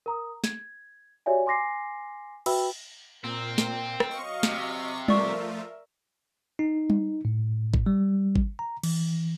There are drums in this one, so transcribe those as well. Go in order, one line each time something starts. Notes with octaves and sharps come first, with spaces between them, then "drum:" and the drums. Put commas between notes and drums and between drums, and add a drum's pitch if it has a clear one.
A#4 A#5 D#6
G#6, drum: snare
F#4 G4 C#5 D5 E5 G#5
G#5 C6 D6 A#6 C7
F#4 B4 E5 G5 B5 E6, drum: cymbal
A#2 C4 A#4
drum: snare
drum: rim click
F#3 D#5 F5 C#6
C3, drum: snare
F3 A3 F4 A#4 D5 E5 C#6, drum: tom G3
D#4
drum: tom G3
A2
drum: kick
G3
drum: kick
A#5
E3, drum: cymbal